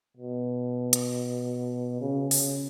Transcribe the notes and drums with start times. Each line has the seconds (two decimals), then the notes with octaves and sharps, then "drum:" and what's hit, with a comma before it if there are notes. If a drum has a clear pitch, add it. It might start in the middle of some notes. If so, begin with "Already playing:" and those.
0.17 B2
0.93 drum: hi-hat
2.01 C#3
2.31 C#3, drum: open hi-hat